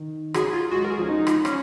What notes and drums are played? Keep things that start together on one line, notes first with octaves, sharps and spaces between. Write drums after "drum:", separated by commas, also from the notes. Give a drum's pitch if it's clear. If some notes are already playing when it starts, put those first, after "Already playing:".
Already playing: D#3
F#3 G#4, drum: rim click
F4
G#3 F#4
A#4
G#4
F3 C#4
F#3 D#4
F3, drum: rim click
C#4, drum: rim click